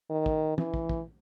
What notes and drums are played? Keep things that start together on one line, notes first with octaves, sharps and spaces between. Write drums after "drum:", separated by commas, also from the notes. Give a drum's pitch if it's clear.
D#3
drum: kick
E3, drum: tom
drum: kick
drum: kick